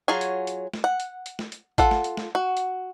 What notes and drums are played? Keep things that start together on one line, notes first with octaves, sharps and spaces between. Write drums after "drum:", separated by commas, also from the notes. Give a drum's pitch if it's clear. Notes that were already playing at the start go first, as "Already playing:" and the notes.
F#3 F4 G#4 C#5 G#5
drum: hi-hat
drum: hi-hat
drum: snare
F#5
drum: hi-hat
drum: hi-hat
drum: snare
drum: hi-hat
F4 A4 F#5, drum: kick G#1, hi-hat
drum: snare
drum: hi-hat
drum: snare
F#4
drum: hi-hat